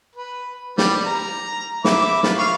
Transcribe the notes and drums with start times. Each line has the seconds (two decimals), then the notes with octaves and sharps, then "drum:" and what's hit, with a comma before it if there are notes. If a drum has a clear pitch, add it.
0.15 B4
0.78 G3, drum: snare
1.06 A#5
1.84 E5 B5 D6, drum: snare
2.23 F4 B4, drum: snare
2.38 F5 C#6